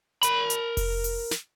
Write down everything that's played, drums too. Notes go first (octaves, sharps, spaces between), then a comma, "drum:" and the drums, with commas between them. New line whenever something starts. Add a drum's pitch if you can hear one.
A#4 B5, drum: hi-hat
drum: hi-hat
drum: kick F1, open hi-hat
drum: open hi-hat
drum: snare